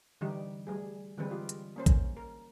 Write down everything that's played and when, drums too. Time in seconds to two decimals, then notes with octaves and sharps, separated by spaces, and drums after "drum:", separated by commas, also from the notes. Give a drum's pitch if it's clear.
0.21 D3 E3 G3 D#4 G4
0.67 G3 A3 G#4
1.18 D3 E3 G3 G#3 C4 B4
1.30 F4 G4
1.49 drum: hi-hat
1.76 A#3 C#4 C5
1.86 drum: kick A1, hi-hat
2.17 A#4